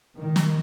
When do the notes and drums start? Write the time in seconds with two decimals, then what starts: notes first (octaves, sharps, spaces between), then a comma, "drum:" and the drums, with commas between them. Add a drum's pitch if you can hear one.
0.17 D#3
0.36 drum: snare